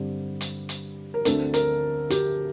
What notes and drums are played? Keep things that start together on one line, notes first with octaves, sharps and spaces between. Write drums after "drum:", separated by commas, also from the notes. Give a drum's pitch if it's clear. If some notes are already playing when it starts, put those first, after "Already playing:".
Already playing: G2 D3 G3 C4
drum: hi-hat
drum: hi-hat
A#4
D2 D3 A3 C4 A4, drum: hi-hat
A#4, drum: hi-hat
G4, drum: hi-hat